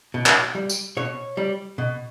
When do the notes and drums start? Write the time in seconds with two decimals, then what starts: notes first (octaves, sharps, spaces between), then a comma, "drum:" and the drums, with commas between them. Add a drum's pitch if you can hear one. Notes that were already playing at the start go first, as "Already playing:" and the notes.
0.14 B2
0.26 drum: clap
0.55 G3
0.69 drum: tambourine
0.97 B2 C#5
1.37 G3
1.78 B2